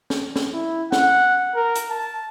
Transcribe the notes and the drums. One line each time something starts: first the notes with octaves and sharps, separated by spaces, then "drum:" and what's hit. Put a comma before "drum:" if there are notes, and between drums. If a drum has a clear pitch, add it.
drum: snare
drum: snare
E4
F#5, drum: snare
A#4
drum: hi-hat
A5